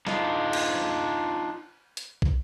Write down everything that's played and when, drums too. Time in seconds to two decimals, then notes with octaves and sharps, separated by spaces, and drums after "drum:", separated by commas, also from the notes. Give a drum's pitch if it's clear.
0.07 D4 D#4 F4, drum: snare
0.53 drum: cymbal
1.97 drum: hi-hat
2.22 drum: kick